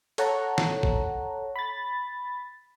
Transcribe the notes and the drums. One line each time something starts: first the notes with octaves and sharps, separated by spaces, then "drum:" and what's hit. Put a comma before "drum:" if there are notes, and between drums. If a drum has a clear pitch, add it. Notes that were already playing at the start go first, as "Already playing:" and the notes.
A4 C#5 F#5 A5 A#5, drum: cymbal
drum: snare
drum: kick A1
B5 A6